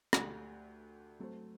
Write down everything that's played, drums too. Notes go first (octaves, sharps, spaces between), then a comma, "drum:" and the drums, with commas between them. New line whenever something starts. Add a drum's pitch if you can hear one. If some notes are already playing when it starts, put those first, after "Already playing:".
D2 D3 A3 D4 G4, drum: rim click
F#3 A3 C4